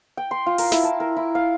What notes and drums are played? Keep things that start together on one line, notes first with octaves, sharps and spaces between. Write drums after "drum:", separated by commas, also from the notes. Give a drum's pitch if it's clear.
G5
C6
F4
A#4, drum: open hi-hat
E4, drum: snare
A5
A#4
E4
F5